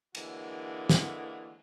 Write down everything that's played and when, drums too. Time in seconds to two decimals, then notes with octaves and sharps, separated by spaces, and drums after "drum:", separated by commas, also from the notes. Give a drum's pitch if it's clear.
0.15 D3 E3 G#3 A#3 F#4, drum: cymbal
0.89 drum: snare